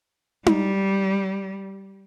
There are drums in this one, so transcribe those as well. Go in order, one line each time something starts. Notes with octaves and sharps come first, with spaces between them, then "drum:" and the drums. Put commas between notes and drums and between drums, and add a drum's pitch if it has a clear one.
G3, drum: tom D#4